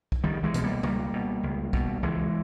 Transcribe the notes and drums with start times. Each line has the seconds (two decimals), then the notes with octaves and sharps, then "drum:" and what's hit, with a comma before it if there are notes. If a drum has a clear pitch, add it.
0.12 drum: kick
0.24 C#2 D#3 G3
0.43 E3 G#3
0.54 B2, drum: hi-hat
0.63 G3 A#3
0.83 C#2 G3 A#3, drum: tom
1.13 B2
1.43 C#2
1.73 B2, drum: kick
2.03 C#2 E3 G#3